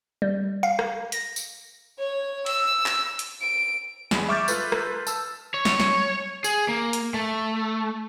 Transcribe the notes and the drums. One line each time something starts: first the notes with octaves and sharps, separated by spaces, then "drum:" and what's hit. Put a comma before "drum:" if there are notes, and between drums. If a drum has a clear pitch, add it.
G3
F5
drum: rim click
A#6, drum: hi-hat
drum: tambourine
C#5
E6, drum: cymbal
drum: clap
drum: hi-hat
D7
E2 G#3 B5, drum: snare
E5 C#6 D6 F6 G6 A6
F4 A4 B4 G6, drum: tambourine
drum: rim click
A5 E6, drum: tambourine
C#5
drum: snare
drum: snare
G#4, drum: tambourine
A#3
drum: hi-hat
A3